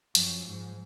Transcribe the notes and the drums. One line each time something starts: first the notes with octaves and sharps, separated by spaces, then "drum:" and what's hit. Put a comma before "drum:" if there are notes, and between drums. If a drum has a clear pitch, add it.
F#2 F3, drum: hi-hat
G#2